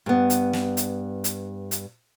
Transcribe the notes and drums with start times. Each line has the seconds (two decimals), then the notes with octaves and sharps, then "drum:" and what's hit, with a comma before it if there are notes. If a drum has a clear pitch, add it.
0.06 G2 B3
0.30 drum: hi-hat
0.53 drum: snare
0.77 drum: hi-hat
1.24 drum: hi-hat
1.71 drum: hi-hat